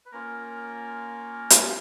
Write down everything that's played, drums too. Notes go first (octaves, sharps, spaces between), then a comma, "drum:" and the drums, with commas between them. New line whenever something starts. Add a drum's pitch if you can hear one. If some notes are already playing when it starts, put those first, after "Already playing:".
B4
A#3 C#4 F4 A#4
drum: hi-hat